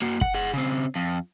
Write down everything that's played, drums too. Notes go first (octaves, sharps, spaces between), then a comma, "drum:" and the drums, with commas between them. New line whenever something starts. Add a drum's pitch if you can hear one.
A#3 F#4
F#5, drum: kick
G#4 F#5
C#3 C4
F2